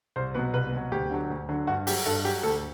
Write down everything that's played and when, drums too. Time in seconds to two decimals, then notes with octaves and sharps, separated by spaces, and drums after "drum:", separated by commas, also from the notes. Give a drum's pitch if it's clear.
0.16 C2 C5
0.35 B2 F#3 B4
0.54 C2 B4
0.72 B2 F#3
0.92 D2 G4
1.11 D3 F#3
1.30 D2
1.49 D3 F#3
1.67 G2 F#4
1.87 F#3 G4, drum: open hi-hat
2.06 G2 A4
2.24 F#3 G4
2.43 D2 A4